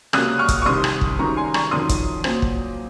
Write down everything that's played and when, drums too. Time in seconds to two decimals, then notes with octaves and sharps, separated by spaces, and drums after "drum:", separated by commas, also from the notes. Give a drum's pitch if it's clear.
0.13 C#2 C3 F#3 A#3 D#6 F#6, drum: rim click
0.39 C#6 F6
0.48 drum: kick, hi-hat
0.62 C#6
0.65 C2 C3 D#3 C6 D#6
0.84 drum: rim click
1.01 drum: kick
1.19 C#2 C3 D#3 F#3 A#5 C#6
1.37 G#5 C6
1.54 A#5 C#6, drum: rim click
1.71 F2 D#3 F#3 C6 D#6
1.89 drum: kick, hi-hat
2.24 A#2 F#3 C4, drum: rim click
2.42 drum: kick